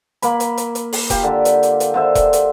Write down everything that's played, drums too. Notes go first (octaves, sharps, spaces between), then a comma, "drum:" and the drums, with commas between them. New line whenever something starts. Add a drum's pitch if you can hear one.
A#3 B5, drum: hi-hat
drum: hi-hat
drum: hi-hat
drum: hi-hat
drum: open hi-hat
F4 G4, drum: kick E1, hi-hat
D3
drum: hi-hat
drum: hi-hat
drum: hi-hat
D3 C5 E5
drum: kick E1, hi-hat
drum: hi-hat